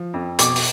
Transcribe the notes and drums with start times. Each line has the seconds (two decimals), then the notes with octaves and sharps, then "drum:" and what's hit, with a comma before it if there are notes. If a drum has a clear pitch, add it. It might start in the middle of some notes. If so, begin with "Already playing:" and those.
Already playing: F3
0.14 F2
0.39 B2 D6, drum: hi-hat
0.56 drum: open hi-hat